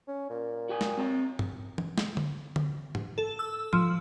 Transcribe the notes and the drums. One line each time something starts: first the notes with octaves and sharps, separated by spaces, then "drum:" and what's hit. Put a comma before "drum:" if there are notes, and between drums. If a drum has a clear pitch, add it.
C#4
A#2
F#4 G5 G#5
drum: snare
C4 C#5 A#5
drum: tom G2
drum: tom E3
drum: snare
drum: tom
drum: tom
drum: tom
A4
E6
F3, drum: tom